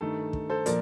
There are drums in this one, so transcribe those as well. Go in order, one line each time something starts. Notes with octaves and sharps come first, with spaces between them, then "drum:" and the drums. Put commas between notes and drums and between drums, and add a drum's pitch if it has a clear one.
G2 D#3 A3 A4
drum: kick
A4 C5
A#2 F3 A#3 A#4 D5, drum: hi-hat